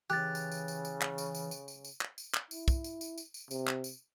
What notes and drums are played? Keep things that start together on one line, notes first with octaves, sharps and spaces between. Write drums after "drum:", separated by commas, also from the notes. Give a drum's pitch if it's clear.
C#3 E3 G4 F#6 A6
drum: tambourine
drum: tambourine
drum: tambourine
drum: tambourine
drum: clap
drum: tambourine
drum: tambourine
drum: tambourine
drum: tambourine
drum: tambourine
drum: clap
drum: tambourine
drum: clap
E4, drum: tambourine
drum: kick, tambourine
drum: tambourine
drum: tambourine
drum: tambourine
drum: tambourine
C3, drum: tambourine
drum: clap
drum: tambourine